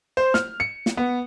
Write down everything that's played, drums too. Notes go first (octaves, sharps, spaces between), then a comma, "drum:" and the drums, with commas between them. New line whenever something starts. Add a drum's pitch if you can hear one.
C5
F6, drum: snare
C#7
drum: snare
B3